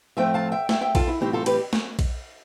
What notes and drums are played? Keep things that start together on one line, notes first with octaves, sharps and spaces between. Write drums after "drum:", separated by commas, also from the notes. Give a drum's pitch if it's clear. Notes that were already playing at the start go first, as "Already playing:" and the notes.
A2 F3 A3 C4 E5 G5
F5 A5
E5 G5
E5 G5, drum: snare
E5 G5
F4 A4, drum: kick A#1, cymbal
E4
A2 E3 G3 C4 E4 G4
F4 A4
G4 B4, drum: cymbal
drum: snare
drum: kick A#1, cymbal